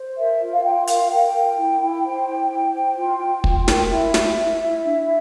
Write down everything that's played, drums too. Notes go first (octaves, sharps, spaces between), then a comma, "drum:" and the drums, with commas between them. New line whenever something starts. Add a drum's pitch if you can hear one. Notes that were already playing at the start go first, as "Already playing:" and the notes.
Already playing: C5
A#4 E5
F4
F5
F4 G5
A#4 F5, drum: hi-hat
A#4 G5
A#4
E4
E4
C5
E4
E4
C5
F4
F4
F4, drum: kick
A#4, drum: snare
E4 E5
E4, drum: snare
E4
E4
D4